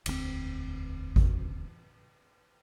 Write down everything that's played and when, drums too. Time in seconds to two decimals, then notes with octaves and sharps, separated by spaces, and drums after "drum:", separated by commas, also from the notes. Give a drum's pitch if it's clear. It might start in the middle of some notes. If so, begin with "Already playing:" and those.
0.06 E1 D2 G3 C4, drum: cymbal
1.16 drum: kick G#1